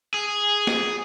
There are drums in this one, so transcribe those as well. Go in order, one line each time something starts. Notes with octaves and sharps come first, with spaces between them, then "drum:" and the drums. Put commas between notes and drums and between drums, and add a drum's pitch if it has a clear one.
G#4
drum: snare